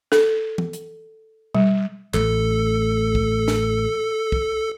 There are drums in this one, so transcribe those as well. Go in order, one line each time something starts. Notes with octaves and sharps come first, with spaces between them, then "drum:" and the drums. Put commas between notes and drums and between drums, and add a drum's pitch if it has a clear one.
A4, drum: snare
drum: tom E3
drum: hi-hat
G3, drum: tom B2
A1 A3 A4, drum: clap
drum: kick
drum: snare
drum: kick